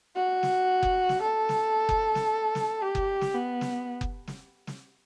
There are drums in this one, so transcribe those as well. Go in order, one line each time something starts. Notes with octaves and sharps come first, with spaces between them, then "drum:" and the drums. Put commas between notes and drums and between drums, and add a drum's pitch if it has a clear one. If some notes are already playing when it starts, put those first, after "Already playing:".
F#4
drum: snare
drum: kick F#1
drum: snare
A4
drum: snare
drum: kick F#1
drum: snare
drum: snare
G4
drum: kick F#1
drum: snare
B3
drum: snare
drum: kick F#1
drum: snare
drum: snare